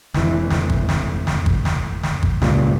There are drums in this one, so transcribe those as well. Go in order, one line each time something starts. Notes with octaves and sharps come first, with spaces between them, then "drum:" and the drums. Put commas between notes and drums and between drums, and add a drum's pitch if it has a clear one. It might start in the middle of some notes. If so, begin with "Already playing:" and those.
F1 E3, drum: snare
drum: snare
drum: kick
drum: snare
drum: snare
drum: kick
drum: snare
drum: snare
drum: kick
C#2 G2 A#2, drum: snare